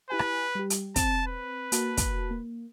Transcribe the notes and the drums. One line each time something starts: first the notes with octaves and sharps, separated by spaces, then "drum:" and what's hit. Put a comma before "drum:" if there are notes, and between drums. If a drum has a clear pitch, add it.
E4 G4 B4 G#5
drum: rim click
G3 G4
drum: hi-hat
C4 A5, drum: kick, hi-hat
B4
A#3 F#4 A5, drum: hi-hat
drum: kick, hi-hat
A#3